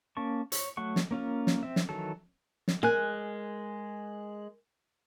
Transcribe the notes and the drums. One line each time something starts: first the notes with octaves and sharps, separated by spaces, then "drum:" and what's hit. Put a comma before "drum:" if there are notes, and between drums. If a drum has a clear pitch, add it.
A#3 C#4 A5 C#6
C#5, drum: hi-hat
F#3 A3 F#5 C#6
drum: snare
A#3 C#4 F4 A#4
drum: snare
C4 E5
drum: snare
D#3 E3 F#3 A4
drum: snare
G#3 A#4 G#5 F#6